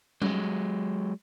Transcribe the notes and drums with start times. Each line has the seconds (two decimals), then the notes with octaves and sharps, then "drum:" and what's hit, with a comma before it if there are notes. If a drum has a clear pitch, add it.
0.22 F#3 G#3, drum: tom G3